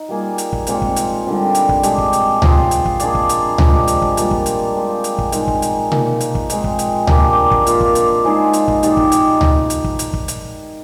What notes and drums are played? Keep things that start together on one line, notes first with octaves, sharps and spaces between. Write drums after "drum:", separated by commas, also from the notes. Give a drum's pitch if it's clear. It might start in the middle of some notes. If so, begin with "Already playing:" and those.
Already playing: D#4
G3 A#3 F4 G#4
drum: hi-hat
drum: kick
A#2 G#3 C4 F4, drum: hi-hat
drum: kick
drum: hi-hat
D3 G3 C4 F4
drum: hi-hat
drum: kick
G#3 D4 G4, drum: hi-hat
drum: kick
drum: hi-hat
C4 F4 C5 D#5, drum: tom C#2
drum: hi-hat
drum: kick
A#3 D4 G#4 D5, drum: hi-hat
drum: kick
drum: hi-hat
F3 G#3 D4 G4, drum: tom C#2
drum: hi-hat
drum: kick
G3 A#3 F4, drum: hi-hat
drum: kick
drum: hi-hat
G#3 C4 G4
drum: hi-hat
drum: kick
G#3 C4 D#4 A#4, drum: hi-hat
drum: kick
drum: hi-hat
A#2 F3 A#3 D#4, drum: tom B2
drum: hi-hat
drum: kick
A#2 G#3 C4, drum: hi-hat
drum: kick
drum: hi-hat
A#3 D4 G4 C5, drum: tom C#2
drum: kick
A#3 D4 F4, drum: hi-hat
drum: kick
drum: hi-hat
G#3 D#4 G#4 C5
drum: hi-hat
drum: kick
A#3 D#4 G4 D5, drum: hi-hat
drum: kick
drum: hi-hat
drum: tom C#2
drum: hi-hat
drum: kick
drum: hi-hat
drum: kick
drum: hi-hat